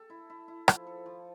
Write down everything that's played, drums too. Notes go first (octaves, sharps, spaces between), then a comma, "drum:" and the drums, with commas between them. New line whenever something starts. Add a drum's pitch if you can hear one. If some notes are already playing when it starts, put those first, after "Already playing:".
Already playing: A4
E4
E4
E4
F3, drum: rim click
A4
F3